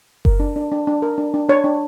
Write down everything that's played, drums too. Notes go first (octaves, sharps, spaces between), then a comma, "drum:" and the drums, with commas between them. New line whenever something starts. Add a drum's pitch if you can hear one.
A#4, drum: kick F#1
D4
D4
D4
D4
A#4
D4
D4
D4 C#5
D4